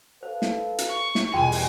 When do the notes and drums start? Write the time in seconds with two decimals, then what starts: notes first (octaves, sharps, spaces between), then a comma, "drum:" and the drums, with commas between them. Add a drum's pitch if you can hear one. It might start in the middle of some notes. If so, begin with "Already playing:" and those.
0.23 A4 B4 C5 F5
0.42 drum: snare
0.78 drum: hi-hat
0.88 C#6
1.15 drum: snare
1.34 E2 G2 B2 F4 G5 G#5 C6
1.52 drum: open hi-hat